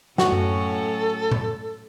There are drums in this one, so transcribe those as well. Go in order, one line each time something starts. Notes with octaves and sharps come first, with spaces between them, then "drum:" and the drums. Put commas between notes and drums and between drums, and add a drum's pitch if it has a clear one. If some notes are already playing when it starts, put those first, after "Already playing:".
A2 F#3 C#4 F#4 A4, drum: snare
drum: tom F#2
drum: tom A2